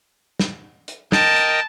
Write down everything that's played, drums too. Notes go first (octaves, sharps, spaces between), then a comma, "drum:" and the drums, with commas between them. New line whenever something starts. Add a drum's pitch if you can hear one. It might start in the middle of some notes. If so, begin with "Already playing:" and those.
drum: snare
drum: hi-hat
A#4 D#5 G5 A5, drum: snare
drum: hi-hat